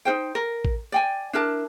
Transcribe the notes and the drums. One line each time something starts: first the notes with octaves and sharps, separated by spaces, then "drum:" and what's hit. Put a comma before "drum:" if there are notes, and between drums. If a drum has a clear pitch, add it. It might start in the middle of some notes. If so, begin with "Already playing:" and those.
D#4 F4 C5 G5
A#4
drum: kick A1
D5 G5 G#5
D4 E4 A#4 A5